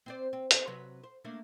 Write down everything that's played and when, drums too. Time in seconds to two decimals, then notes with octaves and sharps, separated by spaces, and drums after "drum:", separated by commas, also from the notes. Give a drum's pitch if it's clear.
0.06 C4 C5 D5
0.33 C4
0.51 B3 C5, drum: hi-hat
0.67 C3 F#3 B4
1.04 C5
1.25 A3 A#3 D4